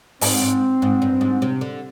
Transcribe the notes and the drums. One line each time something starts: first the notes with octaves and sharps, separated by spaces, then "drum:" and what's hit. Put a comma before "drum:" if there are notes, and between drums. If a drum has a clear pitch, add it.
G#2 C4, drum: open hi-hat
G#2
G#2
G2
G#2
C3
D3